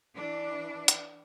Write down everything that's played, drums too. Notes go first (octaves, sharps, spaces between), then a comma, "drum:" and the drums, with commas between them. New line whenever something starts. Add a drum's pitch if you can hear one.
E3 D4
drum: hi-hat